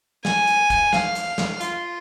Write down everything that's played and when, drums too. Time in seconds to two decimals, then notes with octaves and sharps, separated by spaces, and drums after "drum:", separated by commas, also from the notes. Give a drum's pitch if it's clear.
0.25 G#5, drum: snare
0.48 drum: hi-hat
0.70 drum: kick, hi-hat
0.93 F5, drum: snare
1.15 drum: hi-hat
1.38 drum: snare
1.61 F4, drum: hi-hat